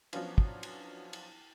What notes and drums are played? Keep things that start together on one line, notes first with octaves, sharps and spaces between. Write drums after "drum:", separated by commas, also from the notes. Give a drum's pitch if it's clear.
F3 F#3 B3 C#4 D4 F4, drum: cymbal
drum: kick
drum: cymbal
drum: cymbal